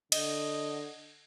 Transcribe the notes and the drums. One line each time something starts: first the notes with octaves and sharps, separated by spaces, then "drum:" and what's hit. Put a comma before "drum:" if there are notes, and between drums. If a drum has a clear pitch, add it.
D3 D#5, drum: cymbal